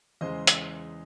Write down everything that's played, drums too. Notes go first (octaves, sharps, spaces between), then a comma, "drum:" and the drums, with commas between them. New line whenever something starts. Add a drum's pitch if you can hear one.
E2 C#3 G#3 C5 D#5
drum: hi-hat